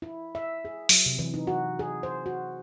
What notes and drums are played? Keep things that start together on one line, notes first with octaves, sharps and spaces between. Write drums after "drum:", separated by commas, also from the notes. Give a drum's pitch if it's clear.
E4
E5
G#4
F#3, drum: open hi-hat
C3
E3
D#4
F#4
G#4
C5
F#4